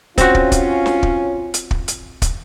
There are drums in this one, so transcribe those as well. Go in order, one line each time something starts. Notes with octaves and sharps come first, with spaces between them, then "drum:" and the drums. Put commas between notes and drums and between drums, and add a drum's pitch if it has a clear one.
C4 C#4 F4 F#4, drum: kick, hi-hat
drum: kick
drum: kick, hi-hat
drum: snare
drum: kick
drum: hi-hat
drum: kick
drum: hi-hat
drum: kick, hi-hat